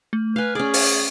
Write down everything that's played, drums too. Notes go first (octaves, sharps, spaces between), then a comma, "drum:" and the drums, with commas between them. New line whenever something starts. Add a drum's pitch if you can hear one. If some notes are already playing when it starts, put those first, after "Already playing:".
A3
B4 F5 G#5
C#4 G#4 D5
drum: open hi-hat